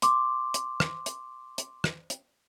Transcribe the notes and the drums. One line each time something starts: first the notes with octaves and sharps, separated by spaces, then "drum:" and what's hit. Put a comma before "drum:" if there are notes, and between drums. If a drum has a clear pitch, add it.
C6 D6, drum: hi-hat
drum: hi-hat
drum: rim click
drum: hi-hat
drum: hi-hat
drum: rim click
drum: hi-hat